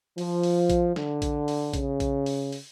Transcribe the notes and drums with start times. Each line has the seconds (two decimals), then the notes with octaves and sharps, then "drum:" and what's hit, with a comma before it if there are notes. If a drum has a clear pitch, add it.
0.18 F3, drum: open hi-hat
0.43 drum: open hi-hat
0.70 drum: kick A#1, hi-hat
0.96 D3, drum: snare
1.22 drum: kick A#1, hi-hat
1.48 drum: open hi-hat
1.73 C#3, drum: kick A#1, hi-hat
2.00 drum: kick A#1, hi-hat
2.26 drum: open hi-hat
2.52 drum: open hi-hat